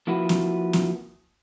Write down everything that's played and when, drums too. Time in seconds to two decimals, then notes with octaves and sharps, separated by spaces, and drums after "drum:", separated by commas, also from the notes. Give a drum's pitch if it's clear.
0.07 F3 A#3 E4 F#4 B4
0.29 drum: snare
0.73 drum: snare